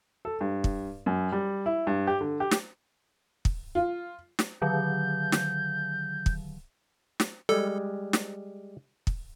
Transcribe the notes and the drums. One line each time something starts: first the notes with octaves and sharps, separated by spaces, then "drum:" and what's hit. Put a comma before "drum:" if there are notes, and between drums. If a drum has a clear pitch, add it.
A4
G2
drum: kick
F#2
G3
E4
G2
G4
D3
G4
drum: snare
drum: kick
F4
drum: snare
D3 D#3 F#3 G6
drum: snare
drum: kick
drum: snare
G3 G#3 A4
drum: snare
drum: kick